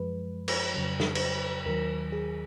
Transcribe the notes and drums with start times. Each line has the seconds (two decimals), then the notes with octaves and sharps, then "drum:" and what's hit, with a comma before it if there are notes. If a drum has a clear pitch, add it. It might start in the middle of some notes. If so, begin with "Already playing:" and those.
Already playing: F#2 F3 G#3 B4
0.48 drum: cymbal
0.74 F2 C#3 F#3
1.00 drum: snare
1.15 drum: cymbal
1.66 D#2 D#3 F#3 A#4
2.12 G#4